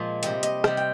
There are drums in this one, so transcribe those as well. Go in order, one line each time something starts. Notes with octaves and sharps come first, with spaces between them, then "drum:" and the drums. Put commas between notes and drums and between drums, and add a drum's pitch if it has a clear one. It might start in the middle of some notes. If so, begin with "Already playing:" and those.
Already playing: A#2 F3 G#3
C3 G3 D#5, drum: hi-hat
D#5, drum: hi-hat
C3 G3 G5, drum: rim click
G5